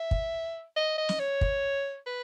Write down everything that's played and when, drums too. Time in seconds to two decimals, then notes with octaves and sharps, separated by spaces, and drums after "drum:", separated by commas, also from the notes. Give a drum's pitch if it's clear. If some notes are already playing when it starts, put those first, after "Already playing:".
Already playing: E5
0.11 drum: kick
0.76 D#5
0.98 D#5
1.09 drum: snare
1.20 C#5
1.41 drum: kick
2.06 B4